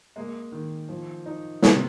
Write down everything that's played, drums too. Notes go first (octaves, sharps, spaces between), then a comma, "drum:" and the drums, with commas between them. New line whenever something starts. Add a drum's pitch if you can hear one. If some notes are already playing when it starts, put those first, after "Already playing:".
G#3 A#3
D#3
F3
D#4
D#3 A#3, drum: snare
C3